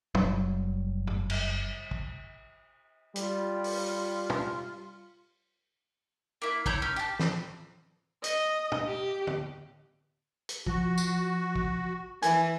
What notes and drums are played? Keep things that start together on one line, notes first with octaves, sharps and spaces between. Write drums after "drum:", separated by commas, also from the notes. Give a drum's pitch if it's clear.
F#1 F#3 G3, drum: tom
drum: tom
drum: cymbal
drum: kick
G3 F4, drum: hi-hat
drum: open hi-hat
drum: tom
A#3 E4
E4 C#5 A#5 G6, drum: kick
C#4
G4 A5
drum: snare
D#5, drum: hi-hat
drum: tom
G4
drum: tom
drum: hi-hat
F3 F#4, drum: kick
drum: tambourine
drum: kick
E3 G#5, drum: hi-hat